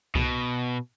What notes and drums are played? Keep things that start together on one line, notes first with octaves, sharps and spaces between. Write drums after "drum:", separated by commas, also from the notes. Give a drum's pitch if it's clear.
B2, drum: kick C2